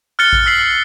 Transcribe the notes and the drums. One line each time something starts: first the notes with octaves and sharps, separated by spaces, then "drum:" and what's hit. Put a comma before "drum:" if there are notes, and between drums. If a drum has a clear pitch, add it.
F6 F#6 A6 C#7 G7
drum: kick A1
E6 B6 C7 F#7